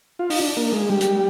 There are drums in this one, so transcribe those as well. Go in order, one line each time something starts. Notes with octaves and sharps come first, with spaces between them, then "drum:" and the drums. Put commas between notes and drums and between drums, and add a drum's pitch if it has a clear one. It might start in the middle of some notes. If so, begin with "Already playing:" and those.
F4
D#4, drum: open hi-hat
D4
A#3
G#3
G3
drum: hi-hat